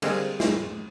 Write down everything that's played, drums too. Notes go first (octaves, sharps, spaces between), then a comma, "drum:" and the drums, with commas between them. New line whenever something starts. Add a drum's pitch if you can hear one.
D3 G3 G#3 A#3 C4, drum: cymbal
drum: snare